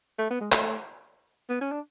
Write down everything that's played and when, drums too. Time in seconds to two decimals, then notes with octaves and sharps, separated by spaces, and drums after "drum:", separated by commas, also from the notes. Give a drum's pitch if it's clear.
0.19 A3
0.31 B3
0.41 G#3
0.52 A3, drum: clap
1.49 B3
1.61 C#4
1.72 D4